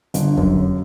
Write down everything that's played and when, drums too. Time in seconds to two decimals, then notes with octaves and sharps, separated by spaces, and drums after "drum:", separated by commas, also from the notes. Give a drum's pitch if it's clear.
0.14 G1, drum: hi-hat
0.37 F#2, drum: kick F2